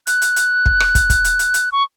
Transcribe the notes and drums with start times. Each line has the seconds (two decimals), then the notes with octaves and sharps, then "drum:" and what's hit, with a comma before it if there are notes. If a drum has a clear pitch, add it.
0.07 F#6, drum: hi-hat
0.22 drum: hi-hat
0.36 drum: hi-hat
0.66 drum: kick
0.80 drum: rim click
0.95 drum: kick, hi-hat
1.10 drum: kick, hi-hat
1.24 drum: hi-hat
1.39 drum: hi-hat
1.54 drum: hi-hat
1.72 C#6